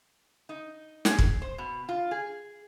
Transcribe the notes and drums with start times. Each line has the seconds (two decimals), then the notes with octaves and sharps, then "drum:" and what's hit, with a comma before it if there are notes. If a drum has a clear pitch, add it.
0.49 D#4
1.05 G#4, drum: snare
1.19 drum: kick
1.42 C5
1.58 B2
1.89 F4
2.11 G#4